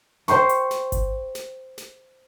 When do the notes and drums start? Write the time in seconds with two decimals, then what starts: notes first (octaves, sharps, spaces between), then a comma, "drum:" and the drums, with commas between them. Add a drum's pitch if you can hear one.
0.28 C5 G5 C6 C#6, drum: snare
0.49 drum: hi-hat
0.71 drum: snare
0.92 drum: kick G1, hi-hat
1.35 drum: snare
1.78 drum: snare